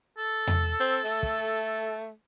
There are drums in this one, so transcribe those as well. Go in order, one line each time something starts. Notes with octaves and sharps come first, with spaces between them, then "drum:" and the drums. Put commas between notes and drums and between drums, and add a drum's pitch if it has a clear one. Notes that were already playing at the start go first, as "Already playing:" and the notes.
A4
drum: tom E2
C4
A3, drum: open hi-hat
drum: kick